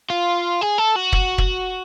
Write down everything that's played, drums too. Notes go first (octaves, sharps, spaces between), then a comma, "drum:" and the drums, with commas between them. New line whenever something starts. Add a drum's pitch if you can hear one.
F4
G#4
A4
F#4
drum: kick
drum: kick